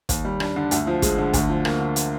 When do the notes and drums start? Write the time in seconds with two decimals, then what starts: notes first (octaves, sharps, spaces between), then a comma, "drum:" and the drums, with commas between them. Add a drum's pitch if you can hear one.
0.09 D#2, drum: kick, hi-hat
0.24 G3
0.40 D4, drum: rim click
0.56 D3
0.71 D2, drum: hi-hat
0.87 F3
1.02 G#3, drum: kick, hi-hat
1.18 D3
1.33 D2, drum: kick, hi-hat
1.49 F3
1.65 A#3, drum: rim click
1.80 D3
1.96 drum: hi-hat